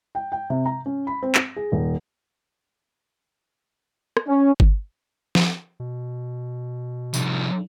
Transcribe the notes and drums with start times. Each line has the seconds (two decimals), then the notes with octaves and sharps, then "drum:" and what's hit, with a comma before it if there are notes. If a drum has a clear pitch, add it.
0.15 G5
0.32 G5
0.50 C3
0.66 A#5
0.86 C#4
1.07 B5
1.23 C4
1.35 A#6, drum: clap
1.56 G#4
1.72 D#1
4.17 drum: rim click
4.27 C#4
4.60 drum: kick G1
5.35 drum: snare
5.80 B2
7.14 C2 F3, drum: tambourine